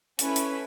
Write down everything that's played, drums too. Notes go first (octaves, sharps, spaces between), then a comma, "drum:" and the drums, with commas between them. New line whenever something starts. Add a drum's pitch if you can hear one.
A3 C#4 E4 B4, drum: hi-hat
drum: hi-hat